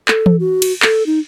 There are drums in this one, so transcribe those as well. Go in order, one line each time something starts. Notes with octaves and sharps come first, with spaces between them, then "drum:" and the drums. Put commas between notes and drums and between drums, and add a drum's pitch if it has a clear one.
A4, drum: clap
drum: tom E3
F#4
drum: cymbal
A4, drum: clap
D#4